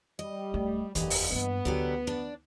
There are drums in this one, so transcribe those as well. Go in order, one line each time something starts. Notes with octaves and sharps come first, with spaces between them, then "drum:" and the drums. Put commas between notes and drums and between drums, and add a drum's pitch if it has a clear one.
G3 D#5
D1 A3
F#1 E2 A#2 D3 E3 G4 D#5, drum: hi-hat
drum: open hi-hat
G2 A#3 B3
D2 D3 F#3 G4
D4 D5